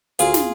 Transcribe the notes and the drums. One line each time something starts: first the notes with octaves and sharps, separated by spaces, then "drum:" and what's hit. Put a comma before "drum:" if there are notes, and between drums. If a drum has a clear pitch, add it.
D2 F4 G#4, drum: hi-hat
drum: snare